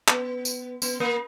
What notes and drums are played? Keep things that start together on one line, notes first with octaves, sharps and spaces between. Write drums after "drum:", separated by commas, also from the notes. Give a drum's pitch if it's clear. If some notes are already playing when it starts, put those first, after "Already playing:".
B3, drum: clap
drum: tambourine
B3, drum: tambourine
A#3